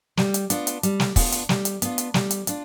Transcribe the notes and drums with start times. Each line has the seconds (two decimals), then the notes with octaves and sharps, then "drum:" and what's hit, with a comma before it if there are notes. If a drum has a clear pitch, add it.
0.17 G3, drum: snare
0.34 drum: hi-hat
0.50 B3 D4 F4, drum: hi-hat
0.67 drum: hi-hat
0.83 G3, drum: hi-hat
1.00 drum: snare
1.16 B3 D4 F4, drum: kick, open hi-hat
1.32 drum: hi-hat
1.49 G3, drum: snare
1.65 drum: hi-hat
1.82 B3 D4 F4, drum: hi-hat
1.98 drum: hi-hat
2.14 G3, drum: snare
2.31 drum: hi-hat
2.47 D4 F4, drum: hi-hat